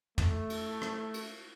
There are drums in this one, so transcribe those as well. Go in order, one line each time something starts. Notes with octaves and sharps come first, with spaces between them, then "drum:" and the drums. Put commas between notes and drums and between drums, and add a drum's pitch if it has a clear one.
A3, drum: tom
drum: cymbal
drum: rim click
drum: cymbal